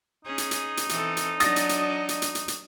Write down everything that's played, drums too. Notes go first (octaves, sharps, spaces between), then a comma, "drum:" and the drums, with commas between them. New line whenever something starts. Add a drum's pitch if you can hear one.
C#4 D#4 G#4
drum: hi-hat
drum: hi-hat
drum: hi-hat
E3 C4 A4, drum: hi-hat
drum: hi-hat
F#3 D4 F#4 D#5 D#6 A6 A#6, drum: hi-hat
drum: hi-hat
drum: hi-hat
drum: hi-hat
drum: hi-hat
drum: hi-hat
drum: hi-hat